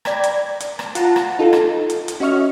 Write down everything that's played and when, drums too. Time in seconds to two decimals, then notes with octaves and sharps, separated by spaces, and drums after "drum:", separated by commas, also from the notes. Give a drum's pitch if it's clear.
0.05 D5 G5 A#5 B5 G#6, drum: rim click
0.24 drum: hi-hat
0.60 drum: hi-hat
0.79 drum: rim click
0.95 F4 F#5 A5 A#5, drum: hi-hat
1.16 drum: rim click
1.39 D#4 F4 A4
1.53 drum: rim click
1.90 drum: hi-hat
2.08 drum: hi-hat
2.20 C#4 F#4 D#5 E5 C#6 F6